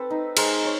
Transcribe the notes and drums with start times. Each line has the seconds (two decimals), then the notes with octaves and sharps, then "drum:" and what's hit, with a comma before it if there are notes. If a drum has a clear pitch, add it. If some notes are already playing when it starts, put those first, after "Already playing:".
Already playing: C4 A4 B4
0.10 D#4
0.37 G#3 A#4 C5, drum: cymbal
0.65 C#5